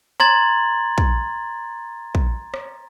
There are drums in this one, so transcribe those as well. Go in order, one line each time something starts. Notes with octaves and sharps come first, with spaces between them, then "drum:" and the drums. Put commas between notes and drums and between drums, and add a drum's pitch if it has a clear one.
A#5 C6 G#6 A6 F#7, drum: rim click
drum: kick
drum: kick
drum: rim click